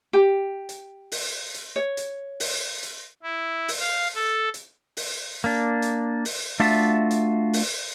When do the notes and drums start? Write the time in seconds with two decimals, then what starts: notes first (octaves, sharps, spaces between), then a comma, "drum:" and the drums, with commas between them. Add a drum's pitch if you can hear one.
0.13 G4
0.69 drum: hi-hat
1.12 drum: open hi-hat
1.54 drum: hi-hat
1.76 C#5
1.97 drum: hi-hat
2.40 drum: open hi-hat
2.83 drum: hi-hat
3.23 E4
3.68 drum: open hi-hat
3.80 F5
4.15 A4
4.54 drum: hi-hat
4.97 drum: open hi-hat
5.44 A#3 D4
5.82 drum: hi-hat
6.25 drum: open hi-hat
6.60 A3 D4 F4 F#4 E5 A5
7.11 drum: hi-hat
7.53 drum: open hi-hat